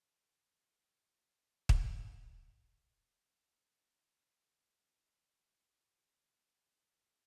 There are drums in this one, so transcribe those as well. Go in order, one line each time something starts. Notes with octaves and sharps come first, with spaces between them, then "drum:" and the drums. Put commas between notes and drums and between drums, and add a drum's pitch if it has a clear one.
C#2
drum: kick
E5
C#6
C6
A#5
C4 F#4 B4 D5
G2 D3 D#3 D#5 E6
E3
G4 D5 D#6
D4 D#4 F#4 B4
D#2 A4 C#6
D#2 F#4 E5 E6
G2 G#3 A#3
D4 D5 G5